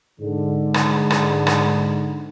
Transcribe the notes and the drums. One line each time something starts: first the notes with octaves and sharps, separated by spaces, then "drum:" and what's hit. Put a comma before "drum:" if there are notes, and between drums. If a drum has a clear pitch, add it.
G#2 D3
drum: rim click
drum: rim click
drum: rim click